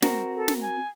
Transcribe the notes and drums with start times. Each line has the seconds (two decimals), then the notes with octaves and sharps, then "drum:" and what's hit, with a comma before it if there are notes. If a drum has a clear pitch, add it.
0.02 C4 F#4 A#4, drum: snare
0.36 A4
0.48 drum: snare
0.61 G#5